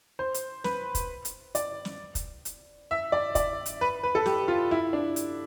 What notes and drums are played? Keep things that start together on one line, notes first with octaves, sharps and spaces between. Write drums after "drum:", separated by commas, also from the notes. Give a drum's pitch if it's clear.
C5
drum: hi-hat
B4, drum: snare
drum: kick, hi-hat
drum: hi-hat
D5, drum: hi-hat
drum: snare
drum: kick, hi-hat
drum: hi-hat
E5
D5
D5, drum: kick, hi-hat
drum: hi-hat
B4
B4
A4
G4, drum: snare
F4
E4
D4
drum: hi-hat